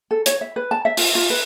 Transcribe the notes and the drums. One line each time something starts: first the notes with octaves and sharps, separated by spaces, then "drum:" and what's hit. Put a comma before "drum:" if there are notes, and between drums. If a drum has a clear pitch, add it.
A4
C#5, drum: hi-hat
E5
B4
A5
E5
F4, drum: open hi-hat
F4
B4